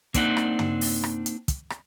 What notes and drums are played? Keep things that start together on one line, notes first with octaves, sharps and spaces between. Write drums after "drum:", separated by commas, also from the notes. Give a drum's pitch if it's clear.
A#3 C4 D4 D#4 F#5, drum: kick, hi-hat
drum: rim click
drum: tom
drum: open hi-hat
drum: rim click
drum: hi-hat
drum: kick, hi-hat
drum: rim click